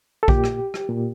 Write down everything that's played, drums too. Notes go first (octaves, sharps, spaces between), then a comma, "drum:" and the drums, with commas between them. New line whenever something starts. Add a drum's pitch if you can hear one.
A4
A#2 G4, drum: kick A#1
drum: rim click
drum: rim click
A#2